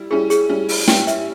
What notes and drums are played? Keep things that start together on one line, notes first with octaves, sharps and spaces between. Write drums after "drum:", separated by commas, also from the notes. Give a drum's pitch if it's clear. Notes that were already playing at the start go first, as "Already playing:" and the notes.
Already playing: G3 E4
G3 C#4 E4 G#4
G#4, drum: hi-hat
G3 C#4 E4
drum: open hi-hat
G3 C#4 E4 G5, drum: snare
E5, drum: hi-hat